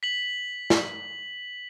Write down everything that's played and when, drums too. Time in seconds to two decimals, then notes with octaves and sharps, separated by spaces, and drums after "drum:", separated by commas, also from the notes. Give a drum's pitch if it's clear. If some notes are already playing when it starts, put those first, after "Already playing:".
0.03 B6 F#7
0.70 drum: snare